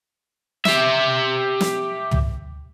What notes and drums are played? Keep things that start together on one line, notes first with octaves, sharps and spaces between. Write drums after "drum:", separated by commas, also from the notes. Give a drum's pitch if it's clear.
G4 E5, drum: snare
drum: snare
drum: tom